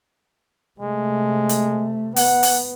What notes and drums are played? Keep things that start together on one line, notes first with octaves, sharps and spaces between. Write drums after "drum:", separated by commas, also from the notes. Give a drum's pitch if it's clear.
C3 G#3 A3
drum: hi-hat
B3 F#5, drum: open hi-hat
drum: open hi-hat